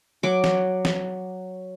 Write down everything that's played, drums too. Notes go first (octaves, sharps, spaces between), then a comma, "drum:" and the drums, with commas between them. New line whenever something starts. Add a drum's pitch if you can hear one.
F#3 D6
drum: snare
drum: snare